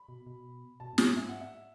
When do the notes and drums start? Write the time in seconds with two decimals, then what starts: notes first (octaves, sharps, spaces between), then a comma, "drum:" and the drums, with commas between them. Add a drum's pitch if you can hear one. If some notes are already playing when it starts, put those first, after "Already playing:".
Already playing: B5
0.09 B2
0.27 B2
0.80 B2 A5
0.94 G#2
0.98 A2 G#5, drum: snare
1.16 G#2 E5
1.29 F#5
1.41 E5